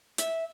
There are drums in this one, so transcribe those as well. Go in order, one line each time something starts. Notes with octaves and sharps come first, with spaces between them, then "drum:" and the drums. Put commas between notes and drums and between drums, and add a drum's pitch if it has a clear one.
E5, drum: hi-hat